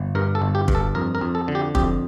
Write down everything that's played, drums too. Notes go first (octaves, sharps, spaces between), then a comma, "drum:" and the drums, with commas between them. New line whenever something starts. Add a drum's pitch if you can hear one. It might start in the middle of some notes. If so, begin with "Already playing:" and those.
Already playing: G1
G2 A#4
A4
G1
G4
G2, drum: kick
A4
F2 A#4
A#4
F2
A4
D3
G4
F2 G4, drum: kick